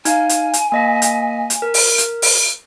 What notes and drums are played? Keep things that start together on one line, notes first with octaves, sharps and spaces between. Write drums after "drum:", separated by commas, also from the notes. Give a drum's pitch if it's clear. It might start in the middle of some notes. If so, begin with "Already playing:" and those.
D#4 F5 G#5, drum: hi-hat
drum: hi-hat
drum: hi-hat
A#3 D#5 B6
drum: hi-hat
drum: hi-hat
A#4
drum: open hi-hat
drum: hi-hat
drum: open hi-hat